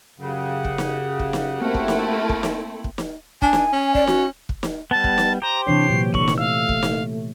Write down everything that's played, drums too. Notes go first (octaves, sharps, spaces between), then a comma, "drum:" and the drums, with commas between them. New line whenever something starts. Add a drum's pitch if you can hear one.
F#2 C#3 G4 F#5
drum: kick
drum: snare
drum: kick
drum: snare
A3 A#3 C4 E4 A#4
drum: kick
drum: snare
drum: kick
drum: snare
drum: kick
drum: snare
D4 G#5, drum: kick
drum: snare
C#4
D5, drum: kick
F#4, drum: snare
drum: kick
drum: snare
G3 B3 A5
drum: kick
drum: snare
G4 C5 A#5
C3 E3 D4 C#5 C7
A#2 F#3
D3 C#6 F#7, drum: kick
drum: snare
A3 F5 E6
drum: kick
drum: snare